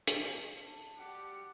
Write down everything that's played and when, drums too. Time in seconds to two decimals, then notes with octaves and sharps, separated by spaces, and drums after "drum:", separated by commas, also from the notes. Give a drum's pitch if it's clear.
0.07 drum: hi-hat
0.21 A5
0.60 A5
0.96 G3 F#4 G4 F#5 D6